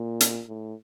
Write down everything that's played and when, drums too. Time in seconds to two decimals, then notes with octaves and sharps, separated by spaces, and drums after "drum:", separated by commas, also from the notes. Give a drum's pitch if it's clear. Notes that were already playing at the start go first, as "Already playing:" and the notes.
Already playing: A#2
0.21 drum: hi-hat
0.49 A2